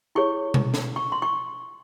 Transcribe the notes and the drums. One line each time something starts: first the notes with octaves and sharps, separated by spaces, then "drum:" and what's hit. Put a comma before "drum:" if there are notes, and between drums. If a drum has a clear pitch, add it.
E4 G#4 C#5 C#6
drum: tom B2
drum: snare
C#6
C6
C#6